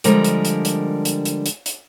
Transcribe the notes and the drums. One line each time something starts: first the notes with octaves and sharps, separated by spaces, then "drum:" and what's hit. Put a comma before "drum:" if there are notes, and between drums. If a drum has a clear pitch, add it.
D3 F3 G3 G#3 A#4, drum: hi-hat
drum: hi-hat
drum: hi-hat
drum: hi-hat
drum: hi-hat
drum: hi-hat
drum: hi-hat
drum: hi-hat